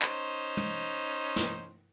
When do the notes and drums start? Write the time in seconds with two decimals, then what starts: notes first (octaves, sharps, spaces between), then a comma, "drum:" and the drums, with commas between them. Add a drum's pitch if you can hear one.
0.02 C#4 D#4 C5, drum: clap
0.57 drum: tom
1.36 drum: snare